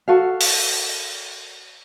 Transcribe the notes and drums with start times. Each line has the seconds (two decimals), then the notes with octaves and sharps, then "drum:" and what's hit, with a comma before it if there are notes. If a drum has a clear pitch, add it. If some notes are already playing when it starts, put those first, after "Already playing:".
0.08 F#4 A4 F5
0.41 drum: open hi-hat